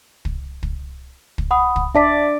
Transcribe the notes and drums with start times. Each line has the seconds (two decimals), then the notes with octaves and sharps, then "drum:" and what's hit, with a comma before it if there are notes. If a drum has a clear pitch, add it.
0.25 drum: kick
0.63 drum: kick
1.38 drum: kick
1.51 F#5 B5 D#6
1.76 drum: kick
1.95 D4 D5 E5 A5 B6